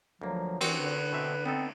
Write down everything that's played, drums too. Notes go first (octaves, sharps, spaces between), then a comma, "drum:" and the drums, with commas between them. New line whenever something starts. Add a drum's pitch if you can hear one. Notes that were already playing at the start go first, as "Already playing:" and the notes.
D2 F3 F#3 A#3
E3 C4 F#4, drum: cymbal
D3 B4
B2 C4 E5
B3 C4 D#4 A4